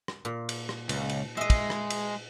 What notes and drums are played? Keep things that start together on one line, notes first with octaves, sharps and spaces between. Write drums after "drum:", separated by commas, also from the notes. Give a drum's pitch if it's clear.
drum: rim click
A#2
drum: cymbal
drum: rim click
C#2, drum: cymbal
drum: cymbal
G#3 D#5 E5
drum: kick, cymbal
drum: rim click
drum: cymbal